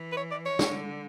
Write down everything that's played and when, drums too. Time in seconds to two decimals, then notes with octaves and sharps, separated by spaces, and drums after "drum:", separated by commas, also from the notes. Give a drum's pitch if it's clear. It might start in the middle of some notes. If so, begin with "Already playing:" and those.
Already playing: E3
0.12 B4
0.17 C#5
0.31 D5
0.46 C#5
0.59 D3, drum: snare